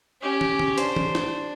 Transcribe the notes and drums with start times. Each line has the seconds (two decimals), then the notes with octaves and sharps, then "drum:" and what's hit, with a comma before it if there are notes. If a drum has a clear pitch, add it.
0.22 C#4 G4
0.41 drum: tom
0.59 drum: tom
0.78 D4 C5, drum: hi-hat
0.96 drum: tom
1.15 drum: snare